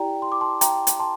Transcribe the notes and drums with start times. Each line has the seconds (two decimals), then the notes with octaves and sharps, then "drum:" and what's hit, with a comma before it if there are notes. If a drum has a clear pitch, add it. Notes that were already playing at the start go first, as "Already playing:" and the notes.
Already playing: E4 G4 D5 G5 A#5
0.22 C6
0.32 D6
0.41 A5 C6
0.61 G5 A#5, drum: hi-hat
0.87 drum: hi-hat
1.00 A5 C6